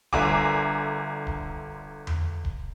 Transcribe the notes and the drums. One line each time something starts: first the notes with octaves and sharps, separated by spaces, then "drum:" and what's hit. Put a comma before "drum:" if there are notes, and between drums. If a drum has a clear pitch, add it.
G1 D3 A#4 E5 G#5 D6, drum: kick D1
drum: kick D1
drum: tom E2
drum: kick D1